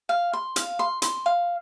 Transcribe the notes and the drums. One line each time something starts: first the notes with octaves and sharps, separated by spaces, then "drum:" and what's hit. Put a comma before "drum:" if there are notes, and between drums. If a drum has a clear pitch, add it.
F5
C6
F5, drum: hi-hat
C6
C6, drum: hi-hat
F5